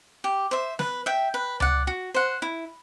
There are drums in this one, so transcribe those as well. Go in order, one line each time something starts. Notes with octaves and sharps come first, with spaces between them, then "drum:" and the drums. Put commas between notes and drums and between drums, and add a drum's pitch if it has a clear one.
G4
C5 E5
B4, drum: snare
E5 G5
B4
D5 F#5, drum: tom C#2
F#4
C5 F#5
E4